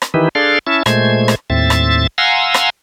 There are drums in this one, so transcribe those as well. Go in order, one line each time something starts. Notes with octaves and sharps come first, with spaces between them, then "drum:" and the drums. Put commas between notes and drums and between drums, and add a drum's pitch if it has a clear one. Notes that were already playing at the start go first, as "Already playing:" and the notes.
drum: rim click
D#3 E3 D#4 E4 G4 B4
D4 G#4 A4 D5 F5 C6
C#4 E4 E5 A5
A#2 G#3 A3 C5 G#6, drum: rim click
drum: rim click
D#2 A2 C4 E5 A6
drum: rim click
F5 F#5 G#5 A#5 C6 E6
drum: rim click